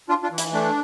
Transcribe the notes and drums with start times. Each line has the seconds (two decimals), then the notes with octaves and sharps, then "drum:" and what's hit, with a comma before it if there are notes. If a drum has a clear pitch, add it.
0.09 D4 F4
0.23 D4 F4
0.31 E3
0.38 E4, drum: hi-hat
0.53 A3 D4